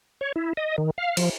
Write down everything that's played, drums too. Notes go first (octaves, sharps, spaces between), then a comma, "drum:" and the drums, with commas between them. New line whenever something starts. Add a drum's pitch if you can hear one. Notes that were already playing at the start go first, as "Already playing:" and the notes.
C#5
E4
D#5
D#3
F5
F3, drum: cymbal